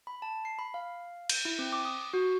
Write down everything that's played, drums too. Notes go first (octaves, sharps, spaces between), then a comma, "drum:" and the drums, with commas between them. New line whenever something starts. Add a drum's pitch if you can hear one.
B5
A5
C7
B5
F5
G6, drum: cymbal
E4
C4
D6
D#6
F#4